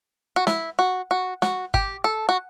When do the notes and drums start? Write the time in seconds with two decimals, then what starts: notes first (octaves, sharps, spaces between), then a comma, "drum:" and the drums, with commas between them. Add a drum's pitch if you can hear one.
0.36 F#4
0.47 E4, drum: snare
0.79 F#4
1.11 F#4
1.42 F#4, drum: snare
1.74 G4, drum: kick G1
2.04 A4
2.29 F#4